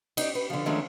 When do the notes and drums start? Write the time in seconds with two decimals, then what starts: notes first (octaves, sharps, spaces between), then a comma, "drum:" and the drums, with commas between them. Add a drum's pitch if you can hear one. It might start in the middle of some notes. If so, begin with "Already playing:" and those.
0.17 D#4 D5, drum: cymbal
0.35 B4
0.50 D3 F3
0.66 D#3 F3 G#3 A3 C#4 D4